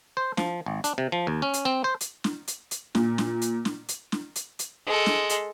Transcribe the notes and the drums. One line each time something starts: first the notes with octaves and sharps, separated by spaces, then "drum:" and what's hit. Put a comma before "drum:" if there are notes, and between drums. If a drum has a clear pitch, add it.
C5
F3, drum: snare
G#1
D4, drum: hi-hat
C3
F3
D#2
C#4
drum: hi-hat
C4
C5
drum: hi-hat
drum: snare
drum: hi-hat
drum: hi-hat
A#2, drum: snare
drum: snare
drum: hi-hat
drum: snare
drum: hi-hat
drum: snare
drum: hi-hat
drum: hi-hat
G#3 A4
drum: snare
drum: hi-hat